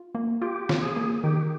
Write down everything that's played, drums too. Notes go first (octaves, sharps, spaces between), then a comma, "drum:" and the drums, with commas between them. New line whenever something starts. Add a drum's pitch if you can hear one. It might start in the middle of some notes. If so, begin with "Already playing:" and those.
Already playing: F4
A#3
F4 G4
F4, drum: snare
G#4
A#3
D#3 G4